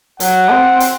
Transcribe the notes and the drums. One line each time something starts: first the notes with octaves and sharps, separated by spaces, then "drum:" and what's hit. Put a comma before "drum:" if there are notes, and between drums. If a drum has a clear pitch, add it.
F#3 F#5, drum: hi-hat
C4
drum: hi-hat